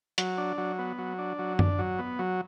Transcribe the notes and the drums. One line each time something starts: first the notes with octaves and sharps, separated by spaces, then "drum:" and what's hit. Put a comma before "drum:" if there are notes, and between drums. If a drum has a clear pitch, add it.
F#3, drum: hi-hat
D4
F#3
B3
F#3
D4
F#3
D4, drum: tom F#2
F#3
B3
F#3